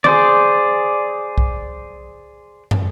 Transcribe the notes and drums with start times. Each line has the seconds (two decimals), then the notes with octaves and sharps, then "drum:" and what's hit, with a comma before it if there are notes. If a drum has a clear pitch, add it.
0.04 G#4 C5 D5, drum: tom D#3
1.38 drum: kick
2.71 drum: tom